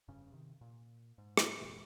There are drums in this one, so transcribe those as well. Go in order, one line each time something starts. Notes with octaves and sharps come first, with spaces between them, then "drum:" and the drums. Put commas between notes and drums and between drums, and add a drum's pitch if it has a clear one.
F1 G2 C#3 C#4
C3 D#3
A#2
G#2
drum: rim click
F1 A#2 E3 G#3